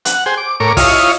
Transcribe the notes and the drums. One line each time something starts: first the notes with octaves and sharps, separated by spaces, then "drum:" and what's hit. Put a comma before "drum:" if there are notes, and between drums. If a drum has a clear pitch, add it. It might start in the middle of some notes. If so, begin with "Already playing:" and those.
F#5, drum: hi-hat
G#4 C5 G5
D6
A2 A#4 C#5 D6
E4 F4 C#5 D#5 F5, drum: kick, open hi-hat